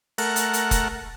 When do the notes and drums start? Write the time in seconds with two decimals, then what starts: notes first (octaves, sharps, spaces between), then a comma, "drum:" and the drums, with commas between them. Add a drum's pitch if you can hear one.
0.18 A3 A#4 F#5, drum: open hi-hat
0.36 drum: hi-hat
0.53 drum: hi-hat
0.71 drum: kick, hi-hat